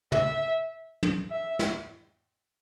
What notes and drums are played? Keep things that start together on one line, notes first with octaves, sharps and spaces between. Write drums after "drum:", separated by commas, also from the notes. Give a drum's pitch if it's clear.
E5, drum: tom
drum: tom
E5
drum: snare